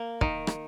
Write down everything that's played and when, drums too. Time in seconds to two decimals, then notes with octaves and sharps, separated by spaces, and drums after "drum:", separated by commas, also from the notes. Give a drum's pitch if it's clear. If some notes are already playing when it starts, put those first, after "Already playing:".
Already playing: A#3
0.21 D#3, drum: kick
0.47 drum: rim click